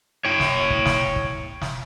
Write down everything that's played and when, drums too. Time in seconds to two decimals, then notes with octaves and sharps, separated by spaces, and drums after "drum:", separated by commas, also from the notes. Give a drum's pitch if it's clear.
0.25 C#5 G5
0.40 drum: snare
0.70 drum: kick
0.85 drum: snare
1.16 drum: kick
1.62 drum: snare